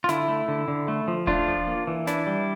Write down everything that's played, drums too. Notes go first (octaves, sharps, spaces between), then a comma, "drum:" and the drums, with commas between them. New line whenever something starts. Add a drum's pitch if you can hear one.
F4
D3 E4, drum: snare
A3
D3
D3
A3
F3
A3 D4 F4, drum: kick D#1
F3
A#3
E3
D4 E4, drum: snare
G3